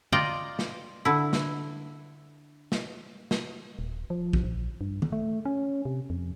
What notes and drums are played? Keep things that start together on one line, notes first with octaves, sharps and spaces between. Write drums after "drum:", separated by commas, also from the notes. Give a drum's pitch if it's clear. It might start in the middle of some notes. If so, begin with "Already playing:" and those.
F4 D5 D#5 G5 A#5, drum: tom
drum: snare
D3 E4
drum: snare
drum: snare
drum: snare
D#1
F3
drum: kick
A#1
G2
drum: tom
A3
C#4
C3
F2